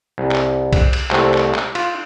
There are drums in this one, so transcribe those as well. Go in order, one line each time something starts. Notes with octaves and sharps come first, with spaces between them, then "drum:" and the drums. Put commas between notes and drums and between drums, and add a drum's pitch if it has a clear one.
C2
drum: clap
drum: kick B1, cymbal
drum: cymbal
C2 A3 C4, drum: clap
drum: clap
drum: clap
F4, drum: cymbal